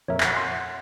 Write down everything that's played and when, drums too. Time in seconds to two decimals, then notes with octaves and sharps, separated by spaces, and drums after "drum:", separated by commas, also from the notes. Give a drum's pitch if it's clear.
0.08 F2 A#2 A#4 C#5 E5
0.20 F#5 G#5, drum: clap
0.36 C6 C7